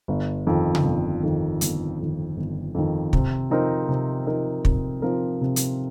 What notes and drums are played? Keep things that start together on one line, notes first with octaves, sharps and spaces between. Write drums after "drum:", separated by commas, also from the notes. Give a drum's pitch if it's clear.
G1
F2 D#3
drum: tom C3
G1
F2 D#3
G1, drum: hi-hat
F2 D#3
G1
F2 D#3
C3, drum: kick
F3 C4 D#4 A#4
C3
F3 C4 D#4 A#4
C3, drum: kick
F3 C4 D#4 A#4
C3
drum: hi-hat